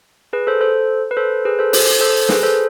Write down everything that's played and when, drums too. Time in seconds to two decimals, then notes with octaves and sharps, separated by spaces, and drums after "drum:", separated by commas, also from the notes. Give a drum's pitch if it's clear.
0.33 G#4 B4
0.47 A4 C5
0.61 A4 C5
1.11 B4
1.17 A4 C5
1.45 G#4 B4
1.59 A4 C5
1.73 A4 C5, drum: open hi-hat
2.01 A4 C5
2.29 G#4 B4, drum: snare
2.43 A4 C5